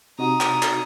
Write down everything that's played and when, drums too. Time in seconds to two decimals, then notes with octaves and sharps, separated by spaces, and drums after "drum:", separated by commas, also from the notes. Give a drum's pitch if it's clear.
0.19 C3 D#4 F#4 A#5 D#6
0.41 drum: clap
0.62 drum: clap